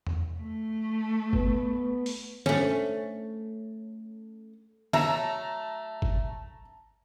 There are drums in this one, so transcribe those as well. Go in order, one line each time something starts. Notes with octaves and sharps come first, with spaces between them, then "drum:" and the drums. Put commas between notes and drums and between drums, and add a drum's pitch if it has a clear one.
drum: tom E2
A3
B3, drum: kick G1
drum: open hi-hat
A3 C#4, drum: snare
F#3 A3 E5 A5 A#5, drum: snare
drum: kick G1